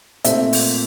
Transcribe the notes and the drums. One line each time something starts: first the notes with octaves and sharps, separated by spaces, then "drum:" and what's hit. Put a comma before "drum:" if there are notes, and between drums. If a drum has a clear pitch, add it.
A#2 A3 C4 C5 E5, drum: hi-hat
drum: open hi-hat